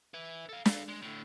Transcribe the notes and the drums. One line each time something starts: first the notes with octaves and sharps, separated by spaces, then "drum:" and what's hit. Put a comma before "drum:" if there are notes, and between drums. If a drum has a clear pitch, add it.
E4 B4
A4 F5
A4 F5, drum: snare
G#3
A2 D3